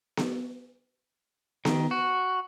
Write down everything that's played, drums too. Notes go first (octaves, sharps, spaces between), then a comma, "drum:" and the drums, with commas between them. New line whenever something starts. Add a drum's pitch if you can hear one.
drum: snare B3
D#3, drum: snare B3
F#4